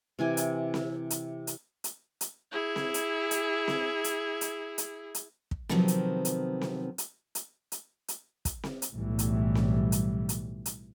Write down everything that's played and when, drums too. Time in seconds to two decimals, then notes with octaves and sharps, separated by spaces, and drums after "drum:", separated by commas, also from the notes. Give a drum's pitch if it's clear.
0.19 C3 E3 G#5 D6
0.37 drum: hi-hat
0.74 drum: snare C4
1.10 drum: hi-hat
1.47 drum: hi-hat
1.84 drum: hi-hat
2.21 drum: hi-hat
2.52 E4 G#4
2.76 drum: snare C4
2.94 drum: hi-hat
3.31 drum: hi-hat
3.68 drum: snare C4
4.04 drum: hi-hat
4.41 drum: hi-hat
4.78 drum: hi-hat
5.15 drum: hi-hat
5.51 drum: kick
5.69 C3 D#3 F3 F#3 B3 C4, drum: snare C4
5.88 drum: hi-hat
6.25 drum: hi-hat
6.61 drum: snare C4
6.98 drum: hi-hat
7.35 drum: hi-hat
7.72 drum: hi-hat
8.08 drum: hi-hat
8.45 drum: kick, hi-hat
8.63 drum: snare C4
8.82 drum: hi-hat
8.91 B1 A2 E3 G3
9.19 drum: hi-hat
9.55 drum: snare C4
9.92 drum: hi-hat
10.29 drum: hi-hat
10.66 drum: hi-hat